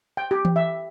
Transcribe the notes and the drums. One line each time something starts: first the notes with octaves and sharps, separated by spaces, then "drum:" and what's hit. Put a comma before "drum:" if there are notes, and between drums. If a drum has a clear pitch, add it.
G5
G4
drum: tom E3
E5